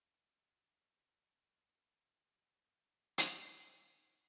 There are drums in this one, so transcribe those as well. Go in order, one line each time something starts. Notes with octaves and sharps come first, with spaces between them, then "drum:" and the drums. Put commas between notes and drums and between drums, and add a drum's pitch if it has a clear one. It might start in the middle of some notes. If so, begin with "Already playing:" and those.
Already playing: A#3
D3
D3
D3
E3
F3
G3
G3
drum: hi-hat
F3